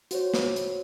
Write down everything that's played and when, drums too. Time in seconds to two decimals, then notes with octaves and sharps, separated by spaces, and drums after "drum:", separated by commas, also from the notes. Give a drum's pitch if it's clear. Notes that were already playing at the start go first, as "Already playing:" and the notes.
0.11 F#4 C5 C#5, drum: hi-hat
0.34 drum: snare
0.56 drum: hi-hat